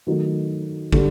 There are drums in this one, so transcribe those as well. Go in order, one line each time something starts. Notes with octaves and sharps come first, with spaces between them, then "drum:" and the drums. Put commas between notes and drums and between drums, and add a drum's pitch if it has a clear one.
D#3 F#3 A3 D#4
D3 G3, drum: kick